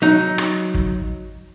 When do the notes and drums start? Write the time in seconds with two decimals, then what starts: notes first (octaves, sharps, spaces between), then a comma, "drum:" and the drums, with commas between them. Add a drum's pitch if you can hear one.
0.02 F#3 D#4
0.38 drum: rim click
0.74 drum: kick